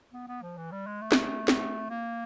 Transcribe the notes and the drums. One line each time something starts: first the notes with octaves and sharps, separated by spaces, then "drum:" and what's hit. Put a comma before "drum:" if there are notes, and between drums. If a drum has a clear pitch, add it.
B3
B3
F3
E3
G3
G#3
A3
drum: snare
drum: snare
A#3